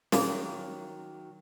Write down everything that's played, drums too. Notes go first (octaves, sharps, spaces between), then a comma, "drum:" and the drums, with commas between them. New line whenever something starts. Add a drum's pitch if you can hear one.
D#3 E3 F#3 G3 A#3 A#4, drum: snare